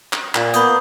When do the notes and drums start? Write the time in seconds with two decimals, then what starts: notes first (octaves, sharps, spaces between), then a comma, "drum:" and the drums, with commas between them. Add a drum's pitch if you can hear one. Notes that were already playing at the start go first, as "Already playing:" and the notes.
0.13 drum: clap
0.35 A#2, drum: clap
0.54 A#3 B3 B5 D#6 G6, drum: hi-hat